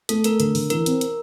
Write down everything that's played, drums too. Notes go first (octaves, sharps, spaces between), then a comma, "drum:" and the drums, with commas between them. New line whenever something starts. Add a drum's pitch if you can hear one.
A3 A4, drum: hi-hat
A3 A#4, drum: hi-hat
D3 A#4, drum: hi-hat
D3, drum: open hi-hat
E3 A#4, drum: hi-hat
C4, drum: hi-hat
drum: hi-hat